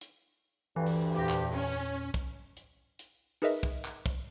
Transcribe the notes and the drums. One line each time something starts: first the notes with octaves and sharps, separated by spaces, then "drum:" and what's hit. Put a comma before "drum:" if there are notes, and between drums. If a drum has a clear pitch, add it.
drum: hi-hat
D2 G2 E3
drum: open hi-hat
E2 A#2 G4 A#6
drum: clap
C#4
drum: hi-hat
drum: kick, hi-hat
drum: hi-hat
drum: hi-hat
D#4 G#4 A#4 B4 D#5 E5, drum: open hi-hat
drum: kick
drum: clap
drum: kick